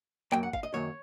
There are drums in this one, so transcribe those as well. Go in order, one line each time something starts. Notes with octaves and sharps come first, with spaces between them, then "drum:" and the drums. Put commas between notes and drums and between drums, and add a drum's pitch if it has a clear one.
F#2 D#3 F#3 A#3 G5, drum: clap
F#5
F5, drum: kick G#1
D#5
F#2 D#3 F#3 A#3 C#5